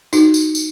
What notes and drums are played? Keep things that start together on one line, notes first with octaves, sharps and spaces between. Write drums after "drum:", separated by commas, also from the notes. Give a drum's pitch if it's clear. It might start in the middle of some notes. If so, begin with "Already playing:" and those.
D#4 F#4, drum: tambourine
drum: tambourine
drum: tambourine